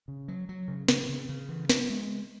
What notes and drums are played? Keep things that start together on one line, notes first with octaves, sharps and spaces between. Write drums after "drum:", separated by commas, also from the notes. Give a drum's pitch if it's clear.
C#3
F#3
F#3
C#3
C#3, drum: snare
C#3
C#3
E3
B3, drum: snare
G#3